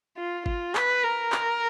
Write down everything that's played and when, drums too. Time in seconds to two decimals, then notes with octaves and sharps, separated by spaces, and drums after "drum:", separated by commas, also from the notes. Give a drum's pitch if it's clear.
0.17 F4
0.46 F4, drum: kick G#1
0.75 B4, drum: clap
1.03 A#4
1.32 drum: clap